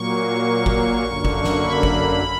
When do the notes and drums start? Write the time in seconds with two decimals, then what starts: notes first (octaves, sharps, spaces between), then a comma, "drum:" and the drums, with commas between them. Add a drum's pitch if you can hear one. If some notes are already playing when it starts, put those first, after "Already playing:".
Already playing: A#2 F#3 A#3 C#6
0.66 drum: kick
1.05 F#2 D3 A#3
1.25 drum: kick
1.44 drum: snare
1.64 B5
1.83 drum: kick